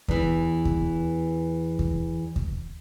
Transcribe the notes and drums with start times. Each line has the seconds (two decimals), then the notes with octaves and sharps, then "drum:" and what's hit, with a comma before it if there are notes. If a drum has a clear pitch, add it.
0.08 E2 E3, drum: kick D#2
0.65 drum: kick D#2
1.79 drum: kick D#2
2.36 drum: kick D#2